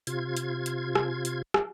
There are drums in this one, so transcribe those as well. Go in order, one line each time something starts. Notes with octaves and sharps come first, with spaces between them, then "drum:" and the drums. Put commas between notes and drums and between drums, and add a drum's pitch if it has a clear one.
C3 F4 G#6, drum: hi-hat
drum: hi-hat
drum: hi-hat
drum: rim click
drum: hi-hat
drum: rim click